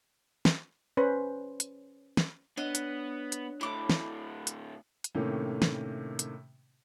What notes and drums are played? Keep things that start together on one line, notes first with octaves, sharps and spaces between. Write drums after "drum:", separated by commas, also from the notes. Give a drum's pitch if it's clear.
drum: snare
C#4 B4 C5
drum: hi-hat
drum: snare
B3 D4 C#5 D#5 F#6
drum: hi-hat
drum: hi-hat
A2 D3 E4 D6
drum: snare
drum: hi-hat
drum: hi-hat
A2 C3 D#3 A3 A#3 C#4
drum: snare
drum: hi-hat